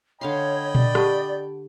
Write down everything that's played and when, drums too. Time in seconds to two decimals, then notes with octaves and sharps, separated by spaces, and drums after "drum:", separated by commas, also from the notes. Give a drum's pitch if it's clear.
0.21 D3 C#5 D#5 F5 G5 B5 C6
0.75 D5, drum: tom A#2
0.95 G4 F#5 A5, drum: rim click